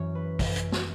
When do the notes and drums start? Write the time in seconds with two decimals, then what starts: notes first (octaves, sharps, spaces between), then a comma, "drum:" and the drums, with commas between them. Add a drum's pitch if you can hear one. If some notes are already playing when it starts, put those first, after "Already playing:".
Already playing: F#2 E3 C#5
0.15 B4
0.39 F#2 F#3, drum: kick, open hi-hat
0.56 drum: hi-hat
0.72 drum: snare